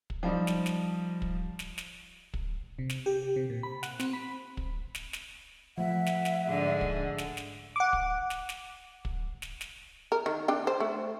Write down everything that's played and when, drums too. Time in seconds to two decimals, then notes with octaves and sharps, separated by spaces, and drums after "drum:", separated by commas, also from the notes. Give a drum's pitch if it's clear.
0.10 drum: kick
0.23 F3 G3 D#4
0.47 drum: snare
0.66 drum: snare
1.22 drum: kick
1.59 drum: snare
1.78 drum: snare
2.34 drum: kick
2.79 C3
2.90 drum: snare
3.06 G4
3.36 C3
3.50 A#2
3.63 B5
3.83 F#5, drum: snare
4.00 C4, drum: snare
4.13 B5
4.57 drum: kick
4.95 drum: snare
5.13 drum: snare
5.78 F3 A3 E5 F#5
6.06 drum: snare
6.25 drum: snare
6.48 G#2 D3 G#4
6.81 drum: kick
7.18 drum: snare
7.37 drum: snare
7.76 F#5 D6
7.93 drum: kick
8.30 drum: snare
8.49 drum: snare
9.05 drum: kick
9.42 drum: snare
9.61 drum: snare
10.12 A#4
10.26 D#3
10.48 D4 G5
10.67 C5
10.80 A3